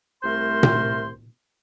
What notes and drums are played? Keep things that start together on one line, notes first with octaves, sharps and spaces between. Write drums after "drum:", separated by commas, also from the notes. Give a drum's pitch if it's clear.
C2 A3 A#4 C5 C6
drum: tom A#2